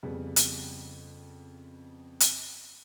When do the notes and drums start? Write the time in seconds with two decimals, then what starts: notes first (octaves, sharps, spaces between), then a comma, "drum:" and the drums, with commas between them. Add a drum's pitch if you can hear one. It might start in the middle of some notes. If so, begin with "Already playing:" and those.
0.03 F2 C#3 G3 B3
0.36 drum: hi-hat
2.20 drum: hi-hat